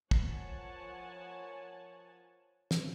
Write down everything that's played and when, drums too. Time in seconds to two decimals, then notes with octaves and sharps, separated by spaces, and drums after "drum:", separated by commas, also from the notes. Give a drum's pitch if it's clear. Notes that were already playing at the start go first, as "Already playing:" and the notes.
0.11 F3 A#4 C#5 F#5 G#5 A5, drum: kick
2.71 drum: snare